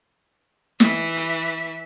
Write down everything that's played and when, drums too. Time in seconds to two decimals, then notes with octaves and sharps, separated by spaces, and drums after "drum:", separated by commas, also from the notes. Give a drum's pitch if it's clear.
0.80 E3 E5, drum: snare
1.17 drum: hi-hat